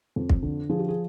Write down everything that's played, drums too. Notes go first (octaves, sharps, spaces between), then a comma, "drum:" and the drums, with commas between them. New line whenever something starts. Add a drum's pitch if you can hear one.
F2
drum: kick
D3
F3 G#4
G4
G#4